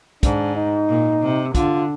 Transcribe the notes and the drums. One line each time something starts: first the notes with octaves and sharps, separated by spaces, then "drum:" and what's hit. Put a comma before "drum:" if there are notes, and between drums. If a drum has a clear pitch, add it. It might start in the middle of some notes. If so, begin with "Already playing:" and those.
G#2 D4, drum: kick, hi-hat
D#4
A#2
C3
D3 F4, drum: kick, hi-hat